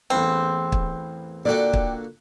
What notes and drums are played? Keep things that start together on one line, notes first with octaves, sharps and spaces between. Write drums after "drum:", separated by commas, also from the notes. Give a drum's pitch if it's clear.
A1 E2 C4 G#5
drum: kick
A#2 D3 F#4 D5 G5
drum: kick